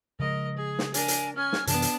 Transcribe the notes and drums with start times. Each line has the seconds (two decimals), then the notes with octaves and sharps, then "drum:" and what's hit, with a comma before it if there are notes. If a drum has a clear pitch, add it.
0.20 C#3 F3 G#3 A#4 D#5
0.57 G#4
0.79 drum: snare
0.94 D4 A#4 G#5, drum: hi-hat
1.08 drum: hi-hat
1.36 C#4 G#5 F6
1.53 drum: snare
1.67 F#2 C3 E3 B3 D4 A5, drum: hi-hat
1.82 drum: hi-hat